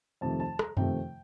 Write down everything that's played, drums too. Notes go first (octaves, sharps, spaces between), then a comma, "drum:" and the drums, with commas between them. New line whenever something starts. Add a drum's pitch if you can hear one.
F2 C3 D#3 A3 A5
A5
A#5, drum: rim click
F2 C3 D#3 A3 G5, drum: tom F#2